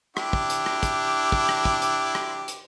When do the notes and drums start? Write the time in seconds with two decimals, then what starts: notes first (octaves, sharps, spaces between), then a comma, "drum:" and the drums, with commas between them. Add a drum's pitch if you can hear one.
0.17 D4 E4 G4, drum: rim click
0.33 drum: kick
0.50 drum: hi-hat
0.66 drum: rim click
0.83 drum: kick, hi-hat
1.32 drum: kick
1.49 drum: rim click
1.65 drum: kick
1.82 drum: hi-hat
2.15 drum: rim click
2.48 drum: hi-hat